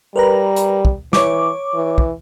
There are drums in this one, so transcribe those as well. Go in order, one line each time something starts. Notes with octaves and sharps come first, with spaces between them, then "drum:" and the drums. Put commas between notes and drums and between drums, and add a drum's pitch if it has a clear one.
G3 A#4 B4 A#5
drum: hi-hat
drum: kick
E3 C#5 C#6 D6, drum: snare
E3
drum: kick